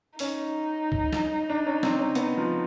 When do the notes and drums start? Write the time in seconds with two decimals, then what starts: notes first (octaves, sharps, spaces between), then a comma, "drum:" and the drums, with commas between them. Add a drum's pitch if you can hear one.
0.19 C#4 D#4, drum: open hi-hat
0.92 drum: kick
1.13 drum: snare
1.50 D4
1.67 C#4
1.83 C4, drum: snare
1.99 C#4
2.15 B3, drum: hi-hat
2.38 F3